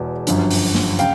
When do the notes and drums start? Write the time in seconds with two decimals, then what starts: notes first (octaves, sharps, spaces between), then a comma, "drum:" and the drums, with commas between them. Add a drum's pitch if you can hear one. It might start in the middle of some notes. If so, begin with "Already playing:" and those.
Already playing: E1 E2 B2
0.27 G1 F#2 D3 F3, drum: hi-hat
0.50 drum: open hi-hat
0.75 drum: snare
0.99 C#3 F5 G5, drum: hi-hat